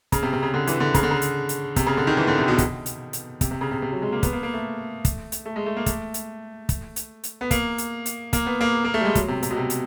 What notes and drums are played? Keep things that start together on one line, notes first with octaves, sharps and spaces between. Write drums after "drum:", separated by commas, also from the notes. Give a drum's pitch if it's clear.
C#3, drum: kick, hi-hat
C3
C3
C#3
D3
E3, drum: hi-hat
D3
C#3, drum: kick, hi-hat
D3
C#3
drum: hi-hat
drum: hi-hat
C3, drum: kick, hi-hat
C#3
D3
D#3
E3
D3
C3
B2
drum: kick, hi-hat
drum: hi-hat
drum: hi-hat
C3, drum: kick, hi-hat
C3
C#3
C3
C3
F#3
G#3
A#3
B3, drum: kick, hi-hat
A#3
A#3
A3
drum: kick, hi-hat
drum: hi-hat
A3
G#3
A3
A#3
A3, drum: kick, hi-hat
drum: hi-hat
drum: kick, hi-hat
drum: hi-hat
drum: hi-hat
B3
A#3, drum: kick, hi-hat
drum: hi-hat
drum: hi-hat
A#3, drum: kick, hi-hat
B3
A#3
A#3
A3
G3
G#3
F#3, drum: kick, hi-hat
C3
C3, drum: hi-hat
B2
C3
drum: hi-hat